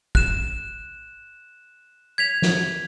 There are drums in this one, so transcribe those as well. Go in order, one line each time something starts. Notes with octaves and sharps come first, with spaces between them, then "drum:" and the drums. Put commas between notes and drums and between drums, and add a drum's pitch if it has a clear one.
F#6 E7, drum: kick
G#6 B6 F7
drum: snare